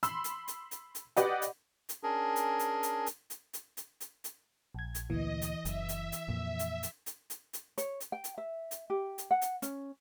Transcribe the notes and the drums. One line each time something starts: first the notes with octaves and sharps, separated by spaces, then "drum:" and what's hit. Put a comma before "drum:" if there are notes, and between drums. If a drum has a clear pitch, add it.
B5 C6 E6, drum: hi-hat
drum: hi-hat
drum: hi-hat
drum: hi-hat
drum: hi-hat
G4 B4 D5 D#5 F#5, drum: hi-hat
drum: hi-hat
drum: hi-hat
C#4 D4 G#4 A#4
drum: hi-hat
drum: hi-hat
drum: hi-hat
drum: hi-hat
drum: hi-hat
drum: hi-hat
drum: hi-hat
drum: hi-hat
drum: hi-hat
A#1 G#6
drum: hi-hat
D2 A#2 E3 D#5
drum: hi-hat
F#1 E5, drum: hi-hat
drum: hi-hat
drum: hi-hat
F2 A#2
drum: hi-hat
drum: hi-hat
drum: hi-hat
drum: hi-hat
drum: hi-hat
C#5, drum: hi-hat
drum: hi-hat
G5
drum: hi-hat
E5
drum: hi-hat
G4
drum: hi-hat
F#5
drum: hi-hat
C#4, drum: hi-hat